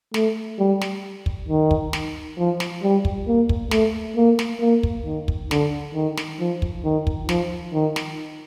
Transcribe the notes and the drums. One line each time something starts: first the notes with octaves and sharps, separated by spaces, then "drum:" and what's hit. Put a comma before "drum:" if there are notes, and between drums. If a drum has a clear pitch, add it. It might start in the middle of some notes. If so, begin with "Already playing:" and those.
A3, drum: snare
G3
drum: snare
drum: kick
D#3
drum: kick
drum: snare
F3
drum: snare
G3
drum: kick
A#3
drum: kick
A3, drum: snare
A#3
drum: snare
A#3
drum: kick
D#3
drum: kick
D3, drum: snare
D#3
drum: snare
F3
drum: kick
D#3
drum: kick
F3, drum: snare
D#3
drum: snare